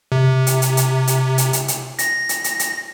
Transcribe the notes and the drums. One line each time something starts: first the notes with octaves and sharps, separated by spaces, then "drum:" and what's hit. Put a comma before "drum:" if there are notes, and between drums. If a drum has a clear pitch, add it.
C3
drum: hi-hat
drum: hi-hat
drum: hi-hat
drum: hi-hat
drum: hi-hat
drum: hi-hat
drum: hi-hat
A#6, drum: hi-hat
drum: hi-hat
drum: hi-hat
drum: hi-hat